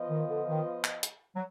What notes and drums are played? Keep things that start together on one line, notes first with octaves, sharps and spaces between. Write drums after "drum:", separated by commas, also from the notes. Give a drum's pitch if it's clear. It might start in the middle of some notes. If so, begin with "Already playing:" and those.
Already playing: F3 B3 F4 B4 D#5
D#3
D3
D#3
drum: clap
drum: hi-hat
F#3